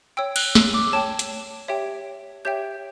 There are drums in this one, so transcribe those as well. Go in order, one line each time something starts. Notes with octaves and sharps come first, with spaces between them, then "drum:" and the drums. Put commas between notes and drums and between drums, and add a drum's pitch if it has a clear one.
C#5 G5 E6
F#6, drum: cymbal
E6, drum: snare
D6
C#5 G5 A5
drum: hi-hat
G4 C#5 E5 G5
G4 C#5 E5 G5 G6